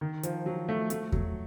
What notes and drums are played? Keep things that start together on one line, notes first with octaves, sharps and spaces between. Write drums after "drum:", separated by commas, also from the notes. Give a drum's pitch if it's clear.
D#3
F3, drum: hi-hat
F#3
A3
A3, drum: hi-hat
F#3, drum: kick E2